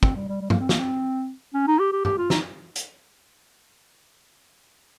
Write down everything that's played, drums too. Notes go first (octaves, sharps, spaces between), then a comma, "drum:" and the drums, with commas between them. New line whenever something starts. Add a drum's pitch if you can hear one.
C4, drum: kick
G3
G3
G3
A#3, drum: tom
C4
A#3, drum: snare
C4
C#4
D#4
G4
G4
G4, drum: tom G2
F4
D#4, drum: snare
drum: hi-hat